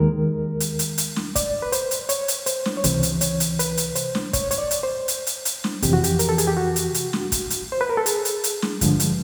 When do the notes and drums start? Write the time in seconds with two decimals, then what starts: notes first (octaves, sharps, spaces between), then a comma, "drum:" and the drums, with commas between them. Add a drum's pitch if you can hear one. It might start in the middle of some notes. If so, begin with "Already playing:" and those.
Already playing: D#2 D#3 G#3 A#4
0.60 drum: hi-hat
0.79 drum: hi-hat
0.98 drum: hi-hat
1.16 drum: snare
1.36 D5, drum: kick, hi-hat
1.62 B4
1.72 C5, drum: hi-hat
1.91 drum: hi-hat
2.09 C#5, drum: hi-hat
2.28 drum: hi-hat
2.46 C5, drum: hi-hat
2.65 drum: snare
2.77 C#5
2.84 C#2 C3 E3 C5, drum: kick, hi-hat
3.03 drum: hi-hat
3.21 C#5, drum: hi-hat
3.40 drum: hi-hat
3.59 B4, drum: hi-hat
3.77 drum: hi-hat
3.95 C5, drum: hi-hat
4.15 drum: snare
4.33 C#5, drum: kick, hi-hat
4.51 C#5, drum: hi-hat
4.58 D5
4.71 drum: hi-hat
4.83 C5
5.08 drum: hi-hat
5.27 drum: hi-hat
5.45 drum: hi-hat
5.64 drum: snare
5.82 F2 C3 E3 G4, drum: kick, hi-hat
5.93 F#4
6.04 G4, drum: hi-hat
6.19 A#4, drum: hi-hat
6.29 A4
6.38 G#4, drum: hi-hat
6.47 G4
6.57 F#4
6.76 drum: hi-hat
6.94 drum: hi-hat
7.13 drum: snare
7.32 drum: kick, hi-hat
7.50 drum: hi-hat
7.72 C5
7.81 B4
7.89 A#4
7.97 A4
8.06 G#4, drum: hi-hat
8.25 drum: hi-hat
8.44 drum: hi-hat
8.62 drum: snare
8.81 G2 D3 F3 G#3, drum: kick, hi-hat
9.00 drum: hi-hat